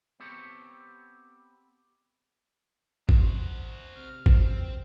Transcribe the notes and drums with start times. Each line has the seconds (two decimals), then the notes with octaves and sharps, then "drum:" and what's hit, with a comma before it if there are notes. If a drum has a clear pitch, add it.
0.20 B3 C4 G4 A4 C#5
3.09 F#4 C5, drum: kick
3.96 C3 F6
4.26 C4, drum: kick